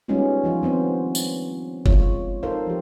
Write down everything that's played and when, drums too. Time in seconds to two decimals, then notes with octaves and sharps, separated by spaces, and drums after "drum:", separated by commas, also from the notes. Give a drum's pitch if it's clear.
0.08 G3 G#3 B3 C#4 D#4 F4
0.44 F3 D#4 F4
0.62 D#3 B3 C4 C5
1.15 drum: tambourine
1.86 G#3 F4 C#5, drum: kick F#1
2.43 D#4 A4 A#4 C5 F5
2.67 F3 G4